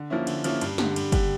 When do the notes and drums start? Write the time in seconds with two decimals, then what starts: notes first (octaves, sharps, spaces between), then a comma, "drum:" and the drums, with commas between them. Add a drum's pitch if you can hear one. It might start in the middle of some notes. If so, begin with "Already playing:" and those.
Already playing: D3
0.10 F3 A#3 C#4 E4
0.27 D3, drum: cymbal
0.44 F3 A#3 C#4 E4, drum: cymbal
0.61 G2, drum: cymbal
0.78 D3 G3, drum: snare
0.96 G2, drum: cymbal
1.12 D3 G3, drum: kick, cymbal